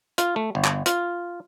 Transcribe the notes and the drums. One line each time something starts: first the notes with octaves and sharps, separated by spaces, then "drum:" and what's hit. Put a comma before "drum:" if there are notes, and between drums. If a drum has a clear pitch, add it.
F4, drum: hi-hat
A3
G1
drum: clap
F4, drum: hi-hat